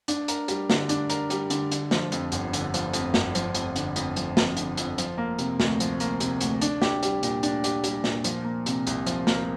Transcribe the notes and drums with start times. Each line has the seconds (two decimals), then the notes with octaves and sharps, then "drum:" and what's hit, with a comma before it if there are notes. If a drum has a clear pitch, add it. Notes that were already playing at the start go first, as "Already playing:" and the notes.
0.08 D4, drum: hi-hat
0.28 A#4, drum: hi-hat
0.48 G3, drum: hi-hat
0.70 D3, drum: snare
0.89 D4, drum: hi-hat
1.10 A#4, drum: hi-hat
1.30 G3, drum: hi-hat
1.50 D3, drum: hi-hat
1.71 D3, drum: hi-hat
1.91 F3, drum: snare
2.12 F2, drum: hi-hat
2.32 G1, drum: hi-hat
2.53 D3, drum: hi-hat
2.74 F3, drum: hi-hat
2.93 F2, drum: hi-hat
3.14 G1, drum: snare
3.35 F3, drum: hi-hat
3.55 F2, drum: hi-hat
3.76 D3, drum: hi-hat
3.96 F2, drum: hi-hat
4.16 F3, drum: hi-hat
4.37 F2, drum: snare
4.57 D3, drum: hi-hat
4.77 F2, drum: hi-hat
4.98 F3, drum: hi-hat
5.18 A#3
5.39 C3, drum: hi-hat
5.60 D2, drum: snare
5.80 F3, drum: hi-hat
6.00 A#3, drum: hi-hat
6.20 C3, drum: hi-hat
6.41 D2, drum: hi-hat
6.61 D4, drum: hi-hat
6.82 G4, drum: snare
7.03 G3, drum: hi-hat
7.23 A#2, drum: hi-hat
7.43 D4, drum: hi-hat
7.64 G4, drum: hi-hat
7.84 G3, drum: hi-hat
8.04 A#2, drum: snare
8.24 F3, drum: hi-hat
8.45 A#3
8.66 C3, drum: hi-hat
8.87 C2, drum: hi-hat
9.06 F3, drum: hi-hat
9.27 A#3, drum: snare